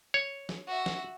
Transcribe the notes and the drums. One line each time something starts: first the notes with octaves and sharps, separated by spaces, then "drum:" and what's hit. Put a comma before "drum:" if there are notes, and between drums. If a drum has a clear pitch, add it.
C#5
drum: snare
F#4 E5
drum: snare